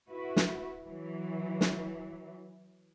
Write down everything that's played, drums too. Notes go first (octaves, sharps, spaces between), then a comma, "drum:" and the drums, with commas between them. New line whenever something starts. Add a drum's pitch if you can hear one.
E4 F#4 B4
drum: snare
E3 F#3
drum: snare